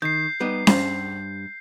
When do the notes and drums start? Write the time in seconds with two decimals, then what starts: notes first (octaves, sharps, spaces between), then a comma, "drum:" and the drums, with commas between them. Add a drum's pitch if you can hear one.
0.02 D#3 G6 C7
0.40 G3 B3 D#4
0.67 G2 C5, drum: snare C#4